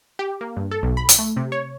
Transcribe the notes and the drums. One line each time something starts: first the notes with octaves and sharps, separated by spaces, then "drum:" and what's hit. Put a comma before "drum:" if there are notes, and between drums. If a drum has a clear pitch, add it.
G4
A#3
G2
A4
B1
B5
drum: hi-hat
A3
C3
C#5